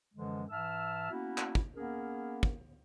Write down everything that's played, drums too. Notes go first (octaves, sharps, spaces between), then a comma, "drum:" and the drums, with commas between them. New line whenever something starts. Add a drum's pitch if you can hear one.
F#2 D3 E3 F3 G#3
G#2 E3 E5 A5 E6 F6
A#3 B3 C#4 E4 F#4
drum: clap
drum: kick
A#3 B3 C#4 G#4 A#4
drum: kick